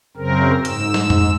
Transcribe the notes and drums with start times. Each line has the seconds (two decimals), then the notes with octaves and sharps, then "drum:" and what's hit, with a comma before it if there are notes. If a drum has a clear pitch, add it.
0.17 F#2 C#3 C4 A#4
0.65 G#2 E6, drum: hi-hat
0.94 drum: snare
1.10 drum: tom F2